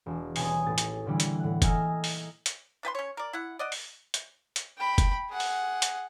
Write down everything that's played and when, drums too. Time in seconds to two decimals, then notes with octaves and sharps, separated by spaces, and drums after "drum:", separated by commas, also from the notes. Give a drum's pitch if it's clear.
0.06 E1
0.36 D#1 B2 C#5 G#5 D#6, drum: open hi-hat
0.66 A1 A2 A6
0.78 drum: hi-hat
1.06 A#2 D3 E3 G3
1.20 drum: hi-hat
1.39 A2 F#5
1.62 D#5 G#5 A#5 E6 F6, drum: kick F#1, hi-hat
2.04 drum: open hi-hat
2.46 drum: hi-hat
2.83 D4 B4 G5 C6
2.95 C#4 C#5
3.17 A#4 D5
3.33 E4 F#5
3.59 D5 D#5 F#5
3.72 drum: open hi-hat
4.14 drum: hi-hat
4.56 drum: hi-hat
4.77 G5 B5
4.98 drum: kick F#1, hi-hat
5.29 G#4 F#5
5.40 drum: open hi-hat
5.82 drum: hi-hat